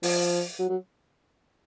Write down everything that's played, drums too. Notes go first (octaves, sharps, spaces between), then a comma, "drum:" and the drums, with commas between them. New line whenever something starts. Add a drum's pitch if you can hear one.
F3, drum: open hi-hat
F#3
F#3